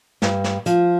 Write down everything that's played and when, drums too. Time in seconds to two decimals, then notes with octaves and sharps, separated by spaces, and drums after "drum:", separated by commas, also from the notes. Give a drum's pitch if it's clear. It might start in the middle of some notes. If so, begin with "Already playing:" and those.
0.22 G2, drum: snare
0.44 drum: snare
0.66 F3, drum: hi-hat